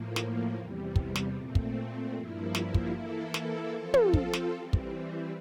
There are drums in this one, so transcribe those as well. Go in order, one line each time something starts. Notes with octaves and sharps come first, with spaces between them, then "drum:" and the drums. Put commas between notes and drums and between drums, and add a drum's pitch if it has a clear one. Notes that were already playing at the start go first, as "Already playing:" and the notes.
Already playing: A2 F3 A#3
drum: snare
E2 C3 G3
drum: kick
drum: snare
A#2 A3 C4
drum: kick
G2 F3 A#3 E4
drum: snare
drum: kick
E3 A#3 E4 A4
drum: snare
F3 C4 F4 A4
drum: tom
drum: kick
drum: snare
E3 G3 C4
drum: kick